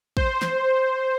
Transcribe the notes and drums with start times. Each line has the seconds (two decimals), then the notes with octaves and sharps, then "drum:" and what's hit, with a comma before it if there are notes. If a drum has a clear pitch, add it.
0.17 C5, drum: kick
0.42 drum: snare